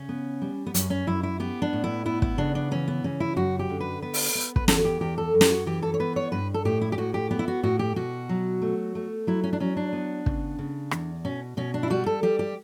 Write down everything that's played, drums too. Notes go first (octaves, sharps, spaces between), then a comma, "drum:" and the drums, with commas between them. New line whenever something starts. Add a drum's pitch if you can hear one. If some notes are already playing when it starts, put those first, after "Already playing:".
Already playing: C#3 C#4
B3
G3
B3
F#2 C#4, drum: hi-hat
C#4
F#2 E4
E4
B3 G4
D4
A2
E4
B3 E4
E4, drum: kick
C#3 D4
D4
E3 C#4
B3
C#3 C#4
E4
F#2 F#4
G4
D3
B4
B3 B4
drum: open hi-hat
B3
B4, drum: kick
E2 A4, drum: snare
F#4
G4
E2 G4
A4
F#2
G4, drum: snare
F#4
E3 G4
A4
C#5
B3 B4
C#5
G2 B4
A4
A2 G4
E4
G4
A2 F#4
G4
B3 G4
E4
F#4
A2 F#4
G4
B2 F#4
F#3
A3
A3
F#3 E4
C#4
D4
F#3 C#4
D4
B3
C#3, drum: kick
C#3
E2, drum: rim click
B2 C#4
B2 C#4
D4
E4
G3 F#4
A4
G3 G4
G4